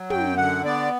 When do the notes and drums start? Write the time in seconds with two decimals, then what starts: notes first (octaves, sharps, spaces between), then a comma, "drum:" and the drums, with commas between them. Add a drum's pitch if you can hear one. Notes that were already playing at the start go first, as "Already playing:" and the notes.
Already playing: F#3
0.10 F#2 G5, drum: tom
0.37 D3 F#5
0.65 B3 D5